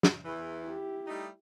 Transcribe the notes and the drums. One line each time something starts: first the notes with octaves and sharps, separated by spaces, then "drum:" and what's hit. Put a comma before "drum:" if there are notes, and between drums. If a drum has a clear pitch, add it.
drum: snare
E2 E3
E4 G4
G3 A3 D#4